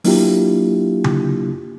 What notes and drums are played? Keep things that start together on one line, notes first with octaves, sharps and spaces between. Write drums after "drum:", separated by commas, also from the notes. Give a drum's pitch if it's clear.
F#3 A#3 D4 E4 F4 G4, drum: open hi-hat
drum: tom C#3